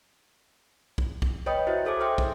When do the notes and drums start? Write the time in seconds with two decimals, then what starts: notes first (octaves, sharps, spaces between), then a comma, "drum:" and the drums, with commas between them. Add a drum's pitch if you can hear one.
0.98 drum: kick
1.22 drum: kick
1.46 B4 C#5 D#5 G5 B5 D#6
1.67 E4 F#4 C5 E5
1.85 E4 G#4 A4 C5 G#5 D6
2.00 E5 G5 C6 D6 D#6 F6
2.18 drum: kick